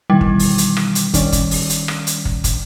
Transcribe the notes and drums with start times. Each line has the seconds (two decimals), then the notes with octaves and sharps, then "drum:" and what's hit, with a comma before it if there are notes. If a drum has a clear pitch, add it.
0.10 B2 D#3 E3 G3
0.21 drum: kick
0.39 drum: open hi-hat
0.58 drum: hi-hat
0.77 drum: rim click
0.95 drum: hi-hat
1.14 D#3 C#4 D5, drum: kick, hi-hat
1.32 drum: kick, hi-hat
1.51 drum: open hi-hat
1.70 drum: hi-hat
1.88 drum: rim click
2.07 drum: hi-hat
2.25 drum: kick
2.44 drum: kick, hi-hat